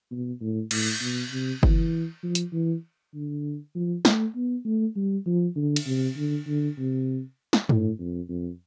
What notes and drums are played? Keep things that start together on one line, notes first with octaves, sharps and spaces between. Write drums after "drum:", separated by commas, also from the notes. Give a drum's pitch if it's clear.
B2
A2
A2, drum: cymbal
B2
C3
E3, drum: kick F#1
F3
drum: hi-hat
E3
D3
F3
A3, drum: snare
B3
A3
G3
F3
D3
drum: cymbal
C3
D3
D3
C3
drum: snare
A2, drum: tom G2
F2
F2